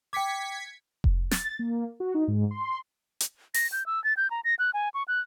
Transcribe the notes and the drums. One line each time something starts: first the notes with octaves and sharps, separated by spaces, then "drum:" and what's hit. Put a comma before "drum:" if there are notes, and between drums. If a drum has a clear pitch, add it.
G5 D6 G#6 B6 C#7
drum: kick F1
A6, drum: snare
A#3
F#4
D#4
G#2
C6
drum: hi-hat
A#6, drum: open hi-hat
G6
E6
A6
G6
A#5
A#6
F#6
G#5
C#6
F#6